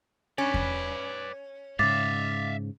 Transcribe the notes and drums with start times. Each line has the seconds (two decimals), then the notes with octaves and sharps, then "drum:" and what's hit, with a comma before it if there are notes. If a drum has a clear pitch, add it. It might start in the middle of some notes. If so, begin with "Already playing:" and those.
0.38 C#4 B4 D5
0.54 drum: kick E2
1.79 G#2 C#3 E5 F5 D6 A6